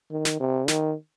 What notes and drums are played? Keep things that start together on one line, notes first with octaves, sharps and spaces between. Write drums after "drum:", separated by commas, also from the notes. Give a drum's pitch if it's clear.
D#3
drum: snare
C3
D#3, drum: snare